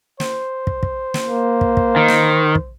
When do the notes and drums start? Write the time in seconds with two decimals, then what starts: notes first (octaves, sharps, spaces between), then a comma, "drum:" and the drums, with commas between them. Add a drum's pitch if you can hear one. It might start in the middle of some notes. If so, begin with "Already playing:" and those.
0.20 C5, drum: snare
0.67 drum: kick
0.83 drum: kick
1.14 drum: snare
1.25 A#3
1.61 drum: kick
1.77 drum: kick
1.96 D#3
2.08 drum: snare
2.55 drum: kick